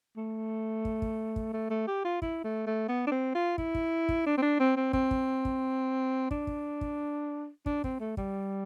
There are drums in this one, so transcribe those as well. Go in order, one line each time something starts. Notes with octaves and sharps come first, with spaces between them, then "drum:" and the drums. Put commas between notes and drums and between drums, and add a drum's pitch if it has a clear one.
A3
drum: kick
drum: kick
drum: kick
A3
A3
G4
F4
E4, drum: kick
A3
A3
B3
D4
C4
F4
E4, drum: kick
drum: kick
drum: kick
D4
C4
D4
C4
C4
C4, drum: kick
drum: kick
drum: kick
D4, drum: kick
drum: kick
drum: kick
D4, drum: kick
C4, drum: kick
A3
G3, drum: kick